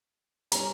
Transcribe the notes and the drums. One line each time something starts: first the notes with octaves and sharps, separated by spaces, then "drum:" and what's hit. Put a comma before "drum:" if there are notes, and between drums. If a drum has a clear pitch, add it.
G3 C#4 A#5, drum: hi-hat